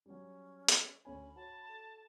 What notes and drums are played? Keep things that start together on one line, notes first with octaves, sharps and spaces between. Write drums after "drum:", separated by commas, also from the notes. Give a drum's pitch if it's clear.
F#3 G3 C#4
drum: hi-hat
D2 C#4 G#5 B5
F#4 C#5 A5
A4